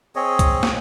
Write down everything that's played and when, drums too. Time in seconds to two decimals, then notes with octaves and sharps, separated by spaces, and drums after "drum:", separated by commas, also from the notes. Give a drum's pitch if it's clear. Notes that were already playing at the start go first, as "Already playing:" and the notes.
0.16 C4 G#4 C#5 D#5
0.39 drum: kick C2, hi-hat
0.63 drum: snare